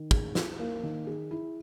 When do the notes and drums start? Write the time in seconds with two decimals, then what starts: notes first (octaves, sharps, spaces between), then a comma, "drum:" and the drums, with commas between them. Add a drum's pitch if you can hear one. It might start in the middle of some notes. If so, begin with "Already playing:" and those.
Already playing: D#3
0.11 G#4, drum: kick
0.35 E4, drum: snare
0.59 A#3
0.83 D#3
1.07 G#4
1.31 E4